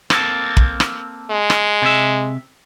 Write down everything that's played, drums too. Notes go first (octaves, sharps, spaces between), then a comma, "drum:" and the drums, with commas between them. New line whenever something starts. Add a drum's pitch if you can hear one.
A#3 C4 A4, drum: rim click
drum: kick
drum: rim click
G#3
drum: rim click
C3 E5